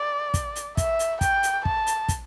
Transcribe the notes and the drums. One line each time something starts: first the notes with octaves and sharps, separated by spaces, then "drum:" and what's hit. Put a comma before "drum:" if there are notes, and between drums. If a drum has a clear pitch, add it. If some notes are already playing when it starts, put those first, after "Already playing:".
Already playing: D5
drum: kick, hi-hat
drum: hi-hat
E5, drum: kick, hi-hat
drum: hi-hat
G5, drum: kick, hi-hat
drum: hi-hat
A5, drum: kick
drum: hi-hat
drum: kick, hi-hat